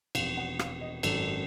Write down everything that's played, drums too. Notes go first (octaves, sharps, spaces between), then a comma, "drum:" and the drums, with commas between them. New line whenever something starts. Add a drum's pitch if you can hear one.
E1 E2 C3 F3 F5, drum: cymbal
F#5
F5, drum: rim click
D#5
G#1 F#2 D#3 F#3 A4, drum: cymbal